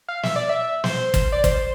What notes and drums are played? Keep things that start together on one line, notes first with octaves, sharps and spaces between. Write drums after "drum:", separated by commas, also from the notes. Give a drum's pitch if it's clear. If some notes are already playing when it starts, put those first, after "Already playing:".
F5
E5, drum: snare
D5
E5
C5, drum: snare
drum: kick, hi-hat
D5
C5, drum: kick, hi-hat